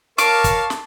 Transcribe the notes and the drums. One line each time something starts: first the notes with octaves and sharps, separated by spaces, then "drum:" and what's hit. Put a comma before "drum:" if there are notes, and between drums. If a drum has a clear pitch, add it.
A#4 C#5 F5 A5 C#6 D6, drum: hi-hat
drum: kick, hi-hat
drum: snare